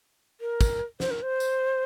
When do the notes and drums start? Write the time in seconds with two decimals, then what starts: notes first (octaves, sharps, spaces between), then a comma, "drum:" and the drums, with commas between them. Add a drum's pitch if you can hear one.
0.41 A#4
0.61 drum: kick, tambourine
1.00 C5, drum: snare
1.11 A#4
1.22 C5
1.40 drum: tambourine